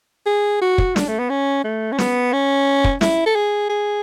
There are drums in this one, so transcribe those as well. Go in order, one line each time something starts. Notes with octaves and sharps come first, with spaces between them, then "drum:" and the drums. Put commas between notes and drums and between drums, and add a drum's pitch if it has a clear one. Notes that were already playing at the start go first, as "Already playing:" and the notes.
G#4
F#4
drum: kick
D4, drum: snare
A3
B3
C#4
A3
C#4
B3, drum: snare
C#4
drum: kick
E4, drum: snare
A4
G#4
G#4